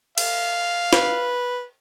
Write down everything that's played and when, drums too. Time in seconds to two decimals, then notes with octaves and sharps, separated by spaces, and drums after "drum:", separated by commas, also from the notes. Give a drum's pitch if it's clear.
0.18 F5, drum: cymbal
0.93 B4, drum: snare